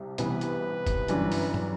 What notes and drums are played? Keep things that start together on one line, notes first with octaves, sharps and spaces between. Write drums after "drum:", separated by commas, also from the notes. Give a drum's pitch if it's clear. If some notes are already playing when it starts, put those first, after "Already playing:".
Already playing: C2 C3
C2 C3 E3 B3 B4, drum: hi-hat
drum: hi-hat
drum: kick, hi-hat
G1 F#2 E3 G3 D4, drum: hi-hat
drum: open hi-hat
drum: tom